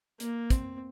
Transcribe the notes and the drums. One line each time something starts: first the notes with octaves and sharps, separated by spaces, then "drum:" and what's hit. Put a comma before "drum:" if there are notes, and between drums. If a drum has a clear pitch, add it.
A#3, drum: hi-hat
C4, drum: kick, hi-hat